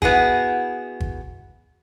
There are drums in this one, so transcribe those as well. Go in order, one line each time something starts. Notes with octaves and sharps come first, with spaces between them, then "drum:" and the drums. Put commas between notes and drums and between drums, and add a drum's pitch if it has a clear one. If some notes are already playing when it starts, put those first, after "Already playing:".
B3 E4 F#4 G#4, drum: kick
drum: kick